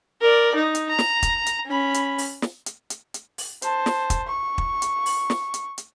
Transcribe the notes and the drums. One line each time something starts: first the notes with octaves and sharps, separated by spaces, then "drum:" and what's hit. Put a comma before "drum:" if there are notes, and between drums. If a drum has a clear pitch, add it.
A#4 D5
D#4
drum: hi-hat
A#5
drum: snare
drum: kick, hi-hat
drum: hi-hat
C#4 B5
drum: hi-hat
drum: open hi-hat
drum: snare
drum: hi-hat
drum: hi-hat
drum: hi-hat
drum: open hi-hat
C5 A5, drum: hi-hat
drum: snare
drum: kick, hi-hat
C#6
drum: kick
drum: hi-hat
drum: open hi-hat
drum: snare
drum: hi-hat
drum: hi-hat